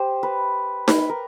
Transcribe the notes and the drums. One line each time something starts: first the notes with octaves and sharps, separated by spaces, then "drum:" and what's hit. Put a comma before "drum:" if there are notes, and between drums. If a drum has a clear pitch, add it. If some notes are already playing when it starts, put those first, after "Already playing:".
Already playing: G4 C5
B4
B4, drum: snare D#4
B4
A#4